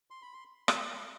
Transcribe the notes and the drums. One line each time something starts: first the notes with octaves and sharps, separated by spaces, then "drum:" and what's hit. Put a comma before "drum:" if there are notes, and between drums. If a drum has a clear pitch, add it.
C6
B5
C6
A5, drum: rim click
G5
A5
B5